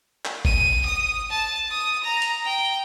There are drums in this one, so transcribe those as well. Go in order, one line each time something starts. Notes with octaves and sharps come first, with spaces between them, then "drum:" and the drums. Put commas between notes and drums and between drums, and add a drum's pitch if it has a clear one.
drum: clap
D#7, drum: kick G#1
D#6
A5
D#6
A#5
drum: hi-hat
G5